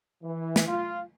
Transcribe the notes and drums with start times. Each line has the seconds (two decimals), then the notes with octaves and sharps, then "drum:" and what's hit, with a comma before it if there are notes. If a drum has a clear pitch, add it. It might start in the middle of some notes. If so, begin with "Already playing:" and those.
0.23 E3
0.56 drum: snare
0.67 F4